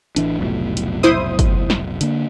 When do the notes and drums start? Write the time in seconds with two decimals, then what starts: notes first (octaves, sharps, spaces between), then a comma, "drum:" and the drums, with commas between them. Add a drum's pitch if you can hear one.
0.16 A1 E3 D4, drum: hi-hat
0.39 F1 B1 A2
0.77 drum: hi-hat
1.03 E4 C5 D#6
1.39 drum: kick, hi-hat
1.70 drum: snare
2.01 D3 A#3, drum: hi-hat